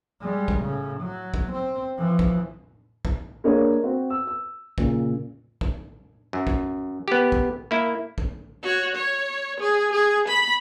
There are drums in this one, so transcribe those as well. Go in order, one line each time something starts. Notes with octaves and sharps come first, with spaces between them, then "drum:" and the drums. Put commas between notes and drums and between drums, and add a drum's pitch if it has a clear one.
G3 G#3
drum: kick
A2 C#3
F#3
drum: kick
C4
E3 F3
drum: kick
drum: kick
A#3 D4 G#4 A#4 C#5 D#5
C4 F#4 C5
E6
E6
A#2 C#3, drum: kick
drum: kick
F#2
drum: kick
B3 G4
drum: kick
A#3 E4
drum: kick
F#4 C#5
C#5
G#4
G#4
B5